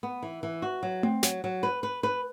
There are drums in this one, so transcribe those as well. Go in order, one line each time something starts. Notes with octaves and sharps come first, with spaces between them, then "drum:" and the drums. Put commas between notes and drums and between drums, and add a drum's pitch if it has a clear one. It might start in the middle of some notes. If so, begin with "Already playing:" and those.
B3
E3
E3
F#4
F#3
C4, drum: tom A3
F#3, drum: snare
F#3
B4
B4
B4